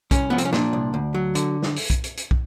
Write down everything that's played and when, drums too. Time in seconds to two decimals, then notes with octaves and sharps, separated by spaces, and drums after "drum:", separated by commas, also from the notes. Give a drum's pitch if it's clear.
0.11 C2 C#4, drum: kick, hi-hat
0.30 F3 B3
0.38 C4, drum: hi-hat
0.45 C#4
0.53 A#2 D4, drum: snare
0.73 C2
0.94 D2
1.14 F#3
1.35 D3, drum: hi-hat
1.62 drum: snare
1.76 drum: open hi-hat
1.90 drum: kick, hi-hat
2.04 drum: hi-hat
2.17 drum: hi-hat
2.31 drum: kick